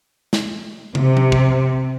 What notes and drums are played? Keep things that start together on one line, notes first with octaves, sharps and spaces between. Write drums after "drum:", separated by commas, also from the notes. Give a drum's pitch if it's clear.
drum: snare
C3, drum: tom
drum: tom F3
drum: kick